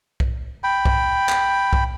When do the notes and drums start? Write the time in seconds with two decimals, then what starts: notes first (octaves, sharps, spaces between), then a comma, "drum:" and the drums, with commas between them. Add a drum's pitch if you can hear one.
0.20 drum: kick
0.64 G5 B5
0.85 drum: kick
1.29 drum: clap
1.73 drum: kick